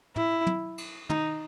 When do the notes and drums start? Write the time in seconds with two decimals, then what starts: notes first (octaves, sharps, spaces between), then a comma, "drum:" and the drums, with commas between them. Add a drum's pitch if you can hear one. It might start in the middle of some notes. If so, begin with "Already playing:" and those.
0.16 E4, drum: tom
0.47 drum: tom
0.78 drum: cymbal
1.10 D#4, drum: tom